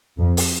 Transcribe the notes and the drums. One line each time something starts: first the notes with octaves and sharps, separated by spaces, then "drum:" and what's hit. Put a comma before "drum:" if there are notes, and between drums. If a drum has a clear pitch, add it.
F2
drum: open hi-hat